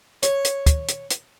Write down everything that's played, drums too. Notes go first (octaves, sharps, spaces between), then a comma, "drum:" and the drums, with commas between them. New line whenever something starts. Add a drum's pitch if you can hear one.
C#5, drum: hi-hat
drum: hi-hat
drum: kick, hi-hat
drum: hi-hat
drum: hi-hat